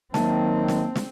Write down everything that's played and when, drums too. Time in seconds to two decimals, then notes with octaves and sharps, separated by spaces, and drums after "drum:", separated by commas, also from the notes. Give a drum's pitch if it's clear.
0.14 D#3 F#3 A#3 C4 A5, drum: snare
0.68 drum: snare
0.96 drum: snare